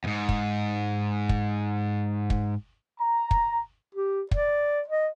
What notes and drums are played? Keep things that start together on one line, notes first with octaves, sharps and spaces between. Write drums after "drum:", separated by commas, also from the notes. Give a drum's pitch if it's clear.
E2 G#2
drum: kick
drum: kick
drum: kick
A#5
drum: kick
G4
D5, drum: kick
D#5